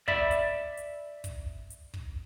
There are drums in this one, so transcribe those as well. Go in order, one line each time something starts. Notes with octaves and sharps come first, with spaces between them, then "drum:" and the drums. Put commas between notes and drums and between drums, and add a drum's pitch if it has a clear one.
D5 E5 B5, drum: kick
drum: hi-hat
drum: hi-hat
drum: kick, hi-hat
drum: hi-hat
drum: kick